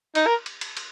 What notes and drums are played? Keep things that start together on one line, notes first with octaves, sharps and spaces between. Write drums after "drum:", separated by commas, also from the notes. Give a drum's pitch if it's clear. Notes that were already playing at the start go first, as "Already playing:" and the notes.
D#4, drum: cymbal
A#4
drum: cymbal
drum: cymbal
drum: cymbal